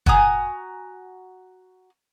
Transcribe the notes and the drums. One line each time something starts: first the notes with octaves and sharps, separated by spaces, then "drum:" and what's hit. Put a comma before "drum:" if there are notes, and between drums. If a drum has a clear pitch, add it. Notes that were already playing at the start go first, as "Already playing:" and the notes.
F#4 G#5 A#5 D#6, drum: kick